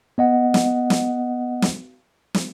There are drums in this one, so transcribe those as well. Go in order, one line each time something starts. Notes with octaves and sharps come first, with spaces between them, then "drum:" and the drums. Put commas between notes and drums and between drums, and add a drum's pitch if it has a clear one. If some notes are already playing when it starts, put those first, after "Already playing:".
B3 D#5 F#5
drum: snare
drum: snare
drum: snare
drum: snare